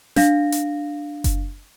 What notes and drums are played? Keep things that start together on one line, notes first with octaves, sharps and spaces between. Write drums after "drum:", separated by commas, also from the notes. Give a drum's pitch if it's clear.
D4 F5 A#6, drum: snare
drum: hi-hat
drum: kick F#1, hi-hat